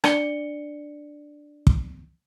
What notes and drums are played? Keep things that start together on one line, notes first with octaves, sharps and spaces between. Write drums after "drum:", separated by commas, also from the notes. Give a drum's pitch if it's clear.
D4 D5 C#7 G7, drum: rim click
drum: kick